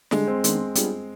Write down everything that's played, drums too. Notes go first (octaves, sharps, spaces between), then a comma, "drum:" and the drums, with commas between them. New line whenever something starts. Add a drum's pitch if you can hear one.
D3 G3 G#3 D4, drum: snare
C4
D#3 G#3 B3 D4, drum: hi-hat
G3 B3 D4 F4 G#4, drum: hi-hat